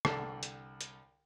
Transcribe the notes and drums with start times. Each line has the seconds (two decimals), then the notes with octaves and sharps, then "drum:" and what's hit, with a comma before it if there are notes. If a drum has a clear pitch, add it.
0.05 C2 D3 A5, drum: rim click
0.43 drum: hi-hat
0.81 drum: hi-hat